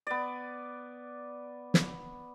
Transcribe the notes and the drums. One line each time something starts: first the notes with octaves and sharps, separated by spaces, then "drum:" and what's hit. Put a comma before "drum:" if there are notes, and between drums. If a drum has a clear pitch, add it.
B3 D5
drum: snare